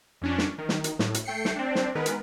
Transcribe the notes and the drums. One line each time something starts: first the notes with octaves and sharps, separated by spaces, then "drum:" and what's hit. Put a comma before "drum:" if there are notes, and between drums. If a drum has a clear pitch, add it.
F2 C#4 D4
drum: snare
D#3
drum: snare
drum: hi-hat
A2, drum: snare
drum: hi-hat
A3 G5 C7 C#7
drum: snare
C4 D4
drum: snare
D#3 G#3 B3 A#4 B4
drum: hi-hat